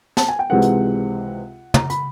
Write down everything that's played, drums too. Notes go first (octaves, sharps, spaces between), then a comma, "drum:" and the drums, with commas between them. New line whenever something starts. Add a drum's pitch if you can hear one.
A5, drum: snare
G#5
G5
C#2 C3 E3 G#3 C4 F#5
drum: hi-hat
A#5, drum: tom
B5, drum: hi-hat